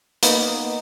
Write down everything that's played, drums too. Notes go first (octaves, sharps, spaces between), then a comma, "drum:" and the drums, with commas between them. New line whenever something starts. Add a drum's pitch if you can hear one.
A#3 B3 D#4, drum: hi-hat